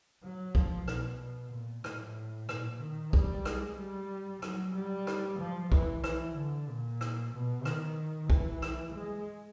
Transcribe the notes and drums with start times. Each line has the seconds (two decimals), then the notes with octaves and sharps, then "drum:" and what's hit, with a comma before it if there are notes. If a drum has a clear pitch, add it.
0.23 F#3
0.55 F3, drum: kick B1
0.88 B2, drum: rim click
1.52 A#2
1.84 A2, drum: rim click
2.49 A#2, drum: rim click
2.81 D#3
3.13 G3, drum: kick B1
3.45 G#3, drum: rim click
3.78 G3
4.42 F#3, drum: rim click
4.75 G3
5.07 drum: rim click
5.39 F3
5.72 E3, drum: kick B1
6.04 E3, drum: rim click
6.36 D3
6.69 A#2
7.01 drum: rim click
7.34 B2
7.65 D#3, drum: rim click
8.30 E3, drum: kick B1
8.62 drum: rim click
8.95 G#3